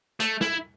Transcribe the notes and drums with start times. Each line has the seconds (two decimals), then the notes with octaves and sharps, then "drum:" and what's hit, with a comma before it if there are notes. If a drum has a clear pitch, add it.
0.20 A3, drum: hi-hat
0.41 E4, drum: snare